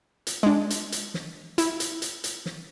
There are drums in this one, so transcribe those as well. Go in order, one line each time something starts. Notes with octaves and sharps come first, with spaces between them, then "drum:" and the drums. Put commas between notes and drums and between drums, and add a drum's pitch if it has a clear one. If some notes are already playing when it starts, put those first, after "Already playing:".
drum: hi-hat
G#3 D4
drum: hi-hat
drum: hi-hat
drum: snare
E4, drum: hi-hat
drum: hi-hat
drum: hi-hat
drum: hi-hat
drum: snare